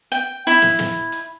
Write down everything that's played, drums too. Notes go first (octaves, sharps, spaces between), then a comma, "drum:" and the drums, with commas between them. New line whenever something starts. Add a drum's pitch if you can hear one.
G5, drum: hi-hat
E4, drum: hi-hat
drum: snare
drum: snare
drum: hi-hat